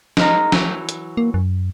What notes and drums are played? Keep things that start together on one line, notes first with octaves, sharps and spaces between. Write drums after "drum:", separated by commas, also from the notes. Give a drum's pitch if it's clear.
G#3 A#3 D#4, drum: snare
E3 F#3, drum: snare
drum: hi-hat
A#3
F#2